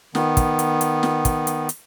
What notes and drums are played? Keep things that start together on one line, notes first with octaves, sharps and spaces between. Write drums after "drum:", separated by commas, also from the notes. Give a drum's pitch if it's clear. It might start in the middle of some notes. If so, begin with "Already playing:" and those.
D#3 B3, drum: snare
drum: kick, hi-hat
drum: hi-hat
drum: hi-hat
drum: snare
drum: kick, hi-hat
drum: hi-hat
drum: hi-hat